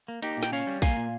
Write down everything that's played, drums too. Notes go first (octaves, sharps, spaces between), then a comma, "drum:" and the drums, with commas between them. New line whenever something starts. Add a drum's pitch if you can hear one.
A#3
A#3 D#4 G4, drum: hi-hat
A#2
G5, drum: snare
C#4 C#5 F5
G3
A#3 F5 G#5, drum: kick, hi-hat
A#2